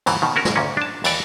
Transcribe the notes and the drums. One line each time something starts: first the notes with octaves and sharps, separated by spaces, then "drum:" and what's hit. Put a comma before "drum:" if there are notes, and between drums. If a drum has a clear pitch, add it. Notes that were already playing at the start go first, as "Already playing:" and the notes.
D#2 G#2 B2 E3, drum: cymbal
B2 D#3
C#4 F#4 A#4
drum: snare
D2 A#2 A#3 C#4
D4 A5
D#2 E3 D5, drum: cymbal